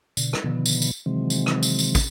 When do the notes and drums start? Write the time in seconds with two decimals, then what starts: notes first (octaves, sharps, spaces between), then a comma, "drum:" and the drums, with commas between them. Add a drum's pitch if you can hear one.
0.17 B2 D3, drum: tambourine
0.33 drum: rim click
0.44 B2 D3 D#3 F3 B3
0.66 drum: tambourine
0.82 drum: tambourine
1.06 C3 D#3 E3 F#3 G#3 C4
1.30 drum: tambourine
1.46 drum: rim click
1.63 drum: tambourine
1.79 drum: tambourine
1.95 drum: kick, tambourine